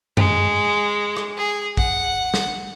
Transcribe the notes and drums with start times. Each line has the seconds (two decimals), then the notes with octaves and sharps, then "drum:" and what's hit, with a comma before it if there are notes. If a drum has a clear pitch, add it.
0.17 G#3, drum: tom F#2
1.17 drum: rim click
1.37 G#4
1.77 F#5, drum: kick
2.34 drum: snare